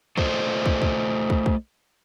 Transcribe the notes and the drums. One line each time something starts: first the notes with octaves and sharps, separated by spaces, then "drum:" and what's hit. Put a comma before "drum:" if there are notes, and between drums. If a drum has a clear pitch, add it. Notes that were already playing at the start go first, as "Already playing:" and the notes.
A3 F4 A4 C5 D5 D#5, drum: kick
drum: kick
drum: kick
drum: kick
drum: kick